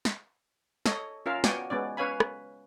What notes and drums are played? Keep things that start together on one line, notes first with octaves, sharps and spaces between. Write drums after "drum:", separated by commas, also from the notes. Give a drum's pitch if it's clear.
drum: snare
A4 C#5 D#5, drum: snare
C#4 F4 A#4 E5 F5
B3 F#4 C#5 D5 G5 G#5, drum: snare
G#3 B3 C#4 D5
C#4 B4 C#5 F5 G#5 B5
drum: rim click